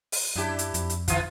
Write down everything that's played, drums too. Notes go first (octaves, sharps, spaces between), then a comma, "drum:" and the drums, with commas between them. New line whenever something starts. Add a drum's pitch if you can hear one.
drum: open hi-hat
F#2 D4 E4 G4
drum: hi-hat
F2, drum: hi-hat
drum: hi-hat
D3 E3 F4, drum: kick, hi-hat